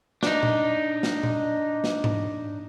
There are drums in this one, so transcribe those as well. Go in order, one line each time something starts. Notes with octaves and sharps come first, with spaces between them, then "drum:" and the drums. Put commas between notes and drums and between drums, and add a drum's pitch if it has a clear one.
D4 D#4, drum: snare
drum: tom A#2
drum: snare
drum: tom A#2
drum: snare
drum: tom G#2